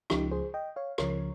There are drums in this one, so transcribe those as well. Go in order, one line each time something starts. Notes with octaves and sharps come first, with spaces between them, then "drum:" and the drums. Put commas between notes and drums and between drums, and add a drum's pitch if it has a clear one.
C#2 C#3 F3 D#4 G4, drum: rim click
G#4 C5
D#5 G5
C#5 F5
C#2 C#3 F3 A#4 C#5, drum: rim click